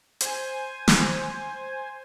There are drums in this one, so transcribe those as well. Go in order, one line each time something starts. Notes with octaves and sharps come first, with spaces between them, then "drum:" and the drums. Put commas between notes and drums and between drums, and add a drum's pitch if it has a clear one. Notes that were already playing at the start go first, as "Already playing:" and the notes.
C5 G#5, drum: hi-hat
drum: snare